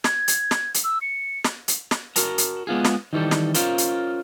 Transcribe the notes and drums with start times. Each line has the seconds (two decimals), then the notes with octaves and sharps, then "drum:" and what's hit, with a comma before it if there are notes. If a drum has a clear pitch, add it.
0.04 G#6, drum: snare
0.28 drum: hi-hat
0.51 drum: snare
0.74 drum: hi-hat
0.84 E6
1.02 C#7
1.44 drum: snare
1.68 drum: hi-hat
1.91 drum: snare
2.16 F#4 A#4 A5 A#5, drum: hi-hat
2.38 drum: hi-hat
2.67 G#3 B3 F4 G#4
2.85 drum: snare
3.13 D#3 E3 G3 A4
3.31 drum: snare
3.54 C#4 F4 A#4 C5, drum: hi-hat
3.78 drum: hi-hat